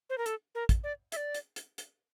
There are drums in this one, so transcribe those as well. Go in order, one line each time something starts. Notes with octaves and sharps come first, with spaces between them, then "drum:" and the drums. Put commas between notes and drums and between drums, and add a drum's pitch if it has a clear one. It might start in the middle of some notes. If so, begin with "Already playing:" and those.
C5
A#4
A4, drum: hi-hat
A#4
drum: kick, hi-hat
D5
E5, drum: hi-hat
D5
drum: hi-hat
drum: hi-hat
drum: hi-hat